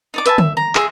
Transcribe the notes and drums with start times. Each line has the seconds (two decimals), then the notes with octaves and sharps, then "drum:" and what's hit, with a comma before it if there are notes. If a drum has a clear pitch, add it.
0.14 D#4 D5 D6
0.26 B4 E5 G#5 A5, drum: hi-hat
0.38 E5, drum: tom D3
0.57 A#5
0.75 G#4 E5 C6, drum: clap